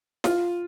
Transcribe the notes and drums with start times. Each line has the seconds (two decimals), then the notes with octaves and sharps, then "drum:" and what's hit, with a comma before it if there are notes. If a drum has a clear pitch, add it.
0.24 F4, drum: snare